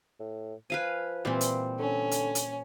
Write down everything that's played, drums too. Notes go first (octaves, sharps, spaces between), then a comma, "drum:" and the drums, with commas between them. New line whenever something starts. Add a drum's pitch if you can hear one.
A2
F3 B4 F5 G#5
A#2 E3 G3 C4 F5
drum: hi-hat
D3 C#4
drum: hi-hat
drum: hi-hat